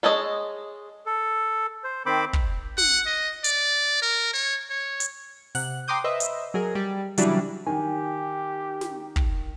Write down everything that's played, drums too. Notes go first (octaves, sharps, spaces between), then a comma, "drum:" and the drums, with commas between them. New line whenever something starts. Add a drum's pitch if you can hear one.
G#3 A4 C#5 D#5
A4
C5
D#3 C4 C5 B5 D6
drum: kick
F#5, drum: snare
D#5
D5, drum: hi-hat
A#4
C#5
C#5
drum: hi-hat
C3 F#5 F#6, drum: open hi-hat
G5 A#5 C6 D6 D#6 G6
B4 C5 D#5 E5
drum: hi-hat
F#3 G#4 A#4
G3
C#3 E3 F#3 G3 D4, drum: hi-hat
D#3 G4 G#5
drum: snare
drum: kick